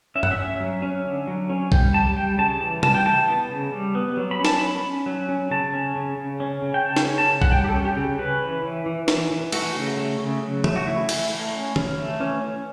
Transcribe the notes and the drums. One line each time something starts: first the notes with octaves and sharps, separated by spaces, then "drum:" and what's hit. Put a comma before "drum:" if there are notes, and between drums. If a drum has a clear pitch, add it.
C#4 E5
F#5, drum: tom G2
E5
C#4
F#3
C#4
D3
F#3
C#4
G3 G5, drum: kick
G3 A5
G3 G5
C#3 A5
E3 A5
G3 A5, drum: tom
G5
E3 A5
B3
C#3
G3
B3
F#3
B5
C#4
A5, drum: snare
C#4 B5
C#4
F#3
C#4
C#3 A5
C#4
C#3
C#3
C#4
C#3
G5
C#3 A5
drum: snare
C#4
A5
C#3
F#5, drum: kick
G3 G5
G4
A4
C#4
G4
C#3
C#4 B4
E3
E3
E3
E3, drum: snare
E3
A3 F#4, drum: cymbal
C#3
A3
C#3
F#3
A3, drum: tom
F#4
C#3 E4
A3, drum: cymbal
A3
C#4
C#4, drum: tom D#3
A3
E3 C#4
C#4